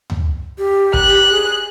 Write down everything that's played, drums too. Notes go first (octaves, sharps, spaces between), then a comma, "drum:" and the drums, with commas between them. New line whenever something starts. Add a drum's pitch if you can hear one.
drum: tom
G4
F#6, drum: kick
G#4